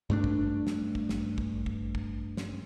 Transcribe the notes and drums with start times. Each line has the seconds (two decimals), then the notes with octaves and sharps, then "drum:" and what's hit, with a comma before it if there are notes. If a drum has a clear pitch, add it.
0.10 G2 A3 D4
0.24 drum: kick
0.67 drum: snare
0.95 drum: kick
1.09 drum: snare
1.38 drum: kick
1.66 drum: kick
1.95 drum: kick
2.37 drum: snare